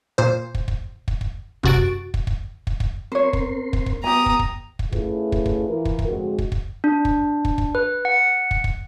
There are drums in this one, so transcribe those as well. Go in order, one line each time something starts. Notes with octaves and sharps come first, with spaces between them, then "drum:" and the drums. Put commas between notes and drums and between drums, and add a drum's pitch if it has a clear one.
A#2 C5
drum: kick
drum: kick
drum: kick
drum: kick
F#2 C3 F#4 A6 D7, drum: kick
drum: kick
drum: kick
drum: kick
drum: kick
drum: kick
C4 A#4 C5 C#5 C6
drum: kick
drum: kick
drum: kick
B3 G4 G#5 A#5 D#6
drum: kick
drum: kick
drum: kick
A3 C#4 E4 F4 G#4 B4, drum: kick
drum: kick
drum: kick
E3 E4 F4 A#4
drum: kick
drum: kick
G#2 D3 F3 G#3 C4 F#4
drum: kick
drum: kick
D4
drum: kick
drum: kick
drum: kick
B4
F#5
drum: kick
drum: kick